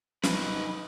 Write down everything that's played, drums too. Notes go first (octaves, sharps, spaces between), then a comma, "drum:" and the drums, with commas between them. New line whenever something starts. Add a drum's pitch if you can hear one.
D#4 B4, drum: snare